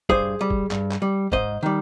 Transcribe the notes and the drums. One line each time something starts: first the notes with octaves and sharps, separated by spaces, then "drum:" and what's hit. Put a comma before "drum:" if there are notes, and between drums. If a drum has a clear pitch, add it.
G2 G#4 C5, drum: kick
G3
drum: kick
G2, drum: clap
drum: clap
G3
G#2 C5 D#5, drum: kick
D#3 G3